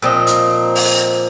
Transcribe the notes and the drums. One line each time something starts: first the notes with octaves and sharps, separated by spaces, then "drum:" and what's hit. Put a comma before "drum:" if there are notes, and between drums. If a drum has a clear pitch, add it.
A#2 F3 C4 D#4
drum: hi-hat
drum: open hi-hat